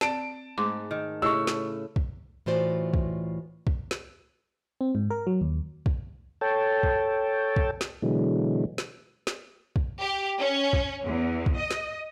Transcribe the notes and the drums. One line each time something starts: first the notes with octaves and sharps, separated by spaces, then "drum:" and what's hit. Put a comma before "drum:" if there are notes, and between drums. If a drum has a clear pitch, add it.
C4 D5 A5 D7, drum: snare
G#2 A3 C6 D6
D#3
A2 C#3 G4 C#5 D#5 C#6 E6
drum: snare
drum: kick
A2 E3 F4 F#4 C5 D5
drum: kick
drum: kick
drum: snare
C4
G#2
A#4
F#3
D#2
drum: kick
A4 C#5 G5 A5
drum: kick
drum: kick
drum: snare
B2 D3 E3 F#3 G#3
drum: snare
drum: snare
drum: kick
G4
C#4
drum: kick
E2
drum: kick
D#5
drum: snare